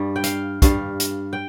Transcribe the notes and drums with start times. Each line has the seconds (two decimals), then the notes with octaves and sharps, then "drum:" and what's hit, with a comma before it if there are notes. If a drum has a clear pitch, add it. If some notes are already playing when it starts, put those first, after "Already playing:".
Already playing: G2 G3
0.16 G5
0.24 F5, drum: hi-hat
0.62 G2 G3 F5, drum: kick, hi-hat
1.00 drum: hi-hat
1.33 G5